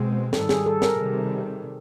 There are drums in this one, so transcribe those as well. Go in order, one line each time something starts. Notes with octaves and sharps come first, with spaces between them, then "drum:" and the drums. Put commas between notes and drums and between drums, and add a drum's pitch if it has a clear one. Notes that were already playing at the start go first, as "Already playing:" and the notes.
Already playing: B2 G#3 C4
G#2 D#3 G3 A4, drum: snare
G#4, drum: snare
A4
A#4, drum: snare
C3 D#3 G3